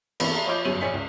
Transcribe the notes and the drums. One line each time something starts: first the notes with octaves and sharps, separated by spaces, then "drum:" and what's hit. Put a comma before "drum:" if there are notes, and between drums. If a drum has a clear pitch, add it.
C3 E3 A#3 B3, drum: cymbal
A4 A#5
F3 C#5 D#5 D6 G6
G1 F#2 C#5 D#7 F#7
A#1 C#5 D5 G#5 B6 C#7
C#2